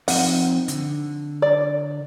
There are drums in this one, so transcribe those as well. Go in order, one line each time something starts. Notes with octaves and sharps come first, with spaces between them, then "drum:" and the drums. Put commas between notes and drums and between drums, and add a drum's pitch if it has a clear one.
F3 C4 D#4 F#5, drum: open hi-hat
D3, drum: hi-hat
D5